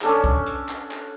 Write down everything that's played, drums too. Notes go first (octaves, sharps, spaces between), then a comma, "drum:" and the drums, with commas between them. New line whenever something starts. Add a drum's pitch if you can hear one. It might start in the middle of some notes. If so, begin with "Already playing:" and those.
C#4 D4 A4 E6, drum: clap
drum: kick
drum: hi-hat
drum: clap
drum: clap